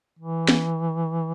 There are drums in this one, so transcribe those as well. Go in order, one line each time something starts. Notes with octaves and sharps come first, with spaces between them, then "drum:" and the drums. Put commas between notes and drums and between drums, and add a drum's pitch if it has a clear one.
E3
drum: snare